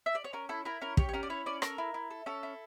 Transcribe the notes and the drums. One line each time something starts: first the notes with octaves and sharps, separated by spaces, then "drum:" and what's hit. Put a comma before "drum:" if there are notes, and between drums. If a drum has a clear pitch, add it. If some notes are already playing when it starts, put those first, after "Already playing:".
E5
D5
C#5
C#4 A#4
E4 A4
E4 A#4
C#4 A#4
G4 C#5, drum: kick
C#5
C#4 A#4
D5
E4 C#5
C#4 D5
A4 A#4, drum: rim click
E4
E4
A4
C#4 A4
E4